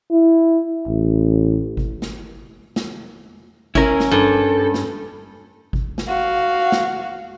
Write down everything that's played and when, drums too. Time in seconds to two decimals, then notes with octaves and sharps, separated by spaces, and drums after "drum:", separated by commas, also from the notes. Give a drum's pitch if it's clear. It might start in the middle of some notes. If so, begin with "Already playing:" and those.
0.11 E4
0.87 A1
1.77 drum: kick G#1
2.02 drum: snare
2.76 drum: snare
3.75 C#4 E4 A#4, drum: kick G#1
4.00 drum: snare
4.11 G2 A4
4.74 drum: snare
5.73 drum: kick G#1
5.98 drum: snare
6.08 F#4 F5
6.72 drum: snare